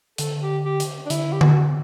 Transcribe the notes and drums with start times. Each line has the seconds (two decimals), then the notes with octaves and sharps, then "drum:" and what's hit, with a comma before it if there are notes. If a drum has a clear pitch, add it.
0.18 D3 A4, drum: hi-hat
0.42 G4
0.65 G4
0.80 drum: hi-hat
1.06 D4
1.10 D3 E4, drum: hi-hat
1.33 G4
1.41 F#4, drum: tom D3